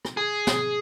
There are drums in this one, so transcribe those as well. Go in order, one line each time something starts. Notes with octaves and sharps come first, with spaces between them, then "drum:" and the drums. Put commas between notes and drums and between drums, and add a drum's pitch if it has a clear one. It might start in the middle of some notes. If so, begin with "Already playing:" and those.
drum: rim click
G#4
drum: snare